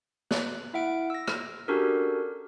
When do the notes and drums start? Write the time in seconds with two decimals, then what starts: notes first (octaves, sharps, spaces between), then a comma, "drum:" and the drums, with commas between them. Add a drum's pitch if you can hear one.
0.31 F#6, drum: snare
0.74 E4 E5 F#5 D7
1.10 E6 A#6
1.28 drum: rim click
1.68 C#4 D4 F#4 G4 A4 A#4